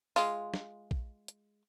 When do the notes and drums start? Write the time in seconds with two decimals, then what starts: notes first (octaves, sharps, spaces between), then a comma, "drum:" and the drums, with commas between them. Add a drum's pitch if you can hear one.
0.16 G#3 F4, drum: open hi-hat
0.54 drum: snare
0.91 drum: kick
1.28 drum: hi-hat